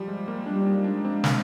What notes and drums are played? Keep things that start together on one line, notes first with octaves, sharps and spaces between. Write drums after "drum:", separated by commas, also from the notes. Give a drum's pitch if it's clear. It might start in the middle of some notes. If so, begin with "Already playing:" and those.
Already playing: F3 G3
G#3
A#3
G3 D4
D4
D#4
G#3 D4
C4
A#3, drum: snare